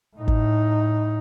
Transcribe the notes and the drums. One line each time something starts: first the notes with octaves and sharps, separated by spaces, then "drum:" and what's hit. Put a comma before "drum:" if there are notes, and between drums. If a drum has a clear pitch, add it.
A2 D#4
drum: kick